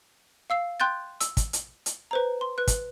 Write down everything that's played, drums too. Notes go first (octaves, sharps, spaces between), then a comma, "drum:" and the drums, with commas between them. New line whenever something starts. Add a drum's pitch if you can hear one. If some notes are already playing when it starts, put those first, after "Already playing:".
F5 E6 C7
G5 C6 F#6 G6 A6
E6, drum: hi-hat
drum: kick, hi-hat
drum: hi-hat
drum: hi-hat
B4 C5 A#5
C6
B4 F#6
drum: kick, hi-hat